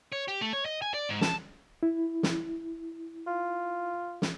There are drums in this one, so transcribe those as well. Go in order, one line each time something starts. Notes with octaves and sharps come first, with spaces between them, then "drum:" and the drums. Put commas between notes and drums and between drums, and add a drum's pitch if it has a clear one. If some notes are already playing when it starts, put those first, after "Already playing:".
C#5
G4
A3
C#5
D#5
G#5
D5
G#2
A5, drum: snare
E4
drum: snare
F4
drum: snare